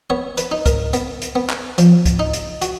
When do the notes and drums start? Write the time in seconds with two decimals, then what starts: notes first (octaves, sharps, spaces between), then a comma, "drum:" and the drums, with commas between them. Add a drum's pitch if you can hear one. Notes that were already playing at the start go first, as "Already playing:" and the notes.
0.10 B3 C#5
0.38 B4, drum: hi-hat
0.52 D#4
0.66 A#4, drum: kick, hi-hat
0.93 B3, drum: hi-hat
1.22 drum: hi-hat
1.36 B3
1.50 drum: clap
1.78 F3, drum: hi-hat
2.06 drum: kick, hi-hat
2.19 D#4
2.33 drum: hi-hat
2.62 F#4, drum: hi-hat